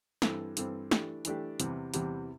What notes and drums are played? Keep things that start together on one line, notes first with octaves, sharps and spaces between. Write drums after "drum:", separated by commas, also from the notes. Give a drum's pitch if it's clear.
G2 E3 C4 A4, drum: snare
G2 E3 C4 A4, drum: hi-hat
E3 A3 D4 G4, drum: snare
E3 A3 D4 G4, drum: hi-hat
E2 C3 E3 G3, drum: hi-hat
E2 C3 E3 G3, drum: hi-hat